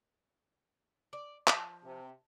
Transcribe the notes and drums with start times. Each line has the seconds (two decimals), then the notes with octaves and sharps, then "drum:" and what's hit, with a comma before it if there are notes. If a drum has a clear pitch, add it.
1.13 D5
1.47 F3, drum: clap
1.84 C3